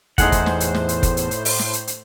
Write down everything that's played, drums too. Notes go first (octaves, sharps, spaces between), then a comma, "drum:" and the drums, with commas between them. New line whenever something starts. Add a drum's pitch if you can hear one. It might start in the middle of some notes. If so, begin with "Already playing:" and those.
E2 A2 D#4 G#4 C5 F#5, drum: kick, hi-hat
drum: kick, hi-hat
drum: snare
drum: hi-hat
drum: snare
drum: hi-hat
drum: kick, hi-hat
drum: hi-hat
drum: hi-hat
drum: open hi-hat
drum: snare
drum: hi-hat
drum: hi-hat